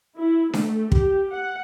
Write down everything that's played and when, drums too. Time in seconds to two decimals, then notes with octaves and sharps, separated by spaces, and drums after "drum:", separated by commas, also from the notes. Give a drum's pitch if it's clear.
0.18 E4
0.53 A3, drum: snare D4
0.92 G4, drum: kick
1.31 F#5